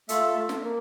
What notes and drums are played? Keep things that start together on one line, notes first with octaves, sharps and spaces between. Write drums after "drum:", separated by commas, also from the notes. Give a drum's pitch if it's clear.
A3 F4 A4 E5, drum: hi-hat
A3
drum: snare
A#3